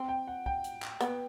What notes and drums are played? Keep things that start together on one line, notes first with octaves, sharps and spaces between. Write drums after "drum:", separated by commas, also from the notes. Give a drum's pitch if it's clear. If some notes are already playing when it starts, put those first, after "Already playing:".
Already playing: C4
G5
F#5
G5, drum: kick
drum: hi-hat
drum: clap
B3, drum: hi-hat